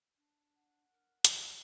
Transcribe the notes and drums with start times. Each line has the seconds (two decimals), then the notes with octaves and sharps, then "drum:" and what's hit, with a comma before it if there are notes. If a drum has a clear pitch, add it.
0.17 D4
0.56 F#5
0.92 A#4
1.25 E4, drum: hi-hat